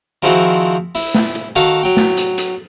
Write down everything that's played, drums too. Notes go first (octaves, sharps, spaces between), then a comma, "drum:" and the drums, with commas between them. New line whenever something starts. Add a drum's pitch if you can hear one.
D#3 F3 G#3 C4 E4 F#4
E4, drum: open hi-hat
drum: snare
drum: hi-hat
D#3 F#4 A4 F5, drum: hi-hat
F#3 G5
drum: snare
drum: hi-hat
drum: hi-hat